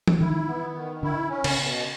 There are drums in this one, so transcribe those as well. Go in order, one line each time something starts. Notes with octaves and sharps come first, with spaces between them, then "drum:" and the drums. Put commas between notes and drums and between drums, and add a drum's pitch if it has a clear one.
drum: tom E3
D#3 E4
B3
D#3
D3 E4
C#4
C#3, drum: cymbal
B2